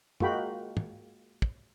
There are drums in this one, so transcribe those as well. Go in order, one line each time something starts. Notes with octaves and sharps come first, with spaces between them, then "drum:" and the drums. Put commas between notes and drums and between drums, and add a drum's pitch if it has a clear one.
G#3 A#3 F4 F#4 G5 B5, drum: tom
drum: tom
drum: kick